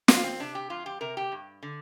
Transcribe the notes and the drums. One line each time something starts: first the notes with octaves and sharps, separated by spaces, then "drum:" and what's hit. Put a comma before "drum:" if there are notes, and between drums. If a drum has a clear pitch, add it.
F2 F4, drum: snare
C4
C3 D4
G4
F2 F4
G4
C3 A#4
G4
G2
D3